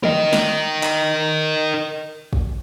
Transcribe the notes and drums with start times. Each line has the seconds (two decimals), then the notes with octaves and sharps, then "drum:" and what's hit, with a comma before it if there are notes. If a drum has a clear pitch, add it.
0.04 A#4 D#5, drum: tom D3
0.33 drum: snare
0.83 drum: clap
2.33 drum: kick